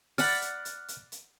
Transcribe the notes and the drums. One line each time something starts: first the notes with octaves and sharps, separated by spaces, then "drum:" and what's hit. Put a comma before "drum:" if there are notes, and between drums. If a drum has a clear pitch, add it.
D5 F#5 B5 F6 F#6, drum: open hi-hat
drum: hi-hat
drum: hi-hat
drum: hi-hat
drum: hi-hat